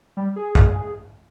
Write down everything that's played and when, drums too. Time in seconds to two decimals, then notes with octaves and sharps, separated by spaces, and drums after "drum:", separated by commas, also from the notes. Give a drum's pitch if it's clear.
0.17 G3
0.36 G#4
0.55 drum: kick